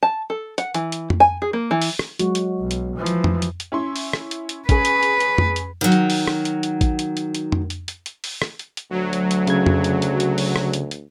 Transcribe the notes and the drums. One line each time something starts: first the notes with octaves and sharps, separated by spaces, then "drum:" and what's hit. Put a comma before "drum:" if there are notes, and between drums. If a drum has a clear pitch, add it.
A5
A4
F#5, drum: hi-hat
E3, drum: hi-hat
drum: hi-hat
drum: tom F2
G#5
G#4
A#3
E3
drum: open hi-hat
drum: rim click
F#3 G#3 F#4, drum: hi-hat
drum: hi-hat
B1
drum: hi-hat
E3 F3
drum: hi-hat
drum: tom F2
drum: hi-hat
drum: hi-hat
C#4 E4 C6
drum: open hi-hat
drum: rim click
drum: hi-hat
drum: hi-hat
C#4 G#4 B4, drum: kick A1, hi-hat
drum: hi-hat
drum: hi-hat
drum: hi-hat
drum: tom F2
drum: hi-hat
D#3 F#3
drum: hi-hat
drum: open hi-hat
drum: rim click
drum: hi-hat
drum: hi-hat
drum: kick A1, hi-hat
drum: hi-hat
drum: hi-hat
drum: hi-hat
drum: tom F2
drum: hi-hat
drum: hi-hat
drum: hi-hat
drum: open hi-hat
drum: rim click
drum: hi-hat
drum: hi-hat
D2 F#3
drum: hi-hat
drum: hi-hat
C#3 G#6, drum: hi-hat
drum: tom F2
drum: hi-hat
drum: hi-hat
drum: hi-hat
drum: open hi-hat
drum: rim click
drum: hi-hat
drum: hi-hat